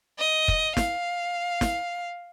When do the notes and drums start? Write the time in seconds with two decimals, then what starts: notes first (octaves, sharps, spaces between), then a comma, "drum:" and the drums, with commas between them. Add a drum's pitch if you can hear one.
0.19 D#5
0.48 drum: kick
0.77 F5, drum: snare
1.61 drum: snare